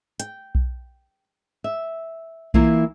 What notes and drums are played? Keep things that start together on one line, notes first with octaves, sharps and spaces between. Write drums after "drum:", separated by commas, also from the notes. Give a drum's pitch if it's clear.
G5, drum: hi-hat
drum: kick B1
E5
E3 A#3 E4 F4, drum: kick B1